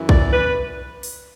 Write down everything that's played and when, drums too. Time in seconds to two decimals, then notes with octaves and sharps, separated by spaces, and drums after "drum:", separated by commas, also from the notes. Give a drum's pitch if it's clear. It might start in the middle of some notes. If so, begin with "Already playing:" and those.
Already playing: F#2 E3
0.09 D5, drum: kick
0.32 B4
1.03 drum: open hi-hat